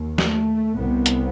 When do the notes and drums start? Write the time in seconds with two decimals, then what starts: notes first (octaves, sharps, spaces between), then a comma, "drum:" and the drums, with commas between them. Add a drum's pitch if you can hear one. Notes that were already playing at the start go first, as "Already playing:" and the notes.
Already playing: D#2
0.18 A3, drum: snare
0.76 C2 C3 B3
1.06 drum: hi-hat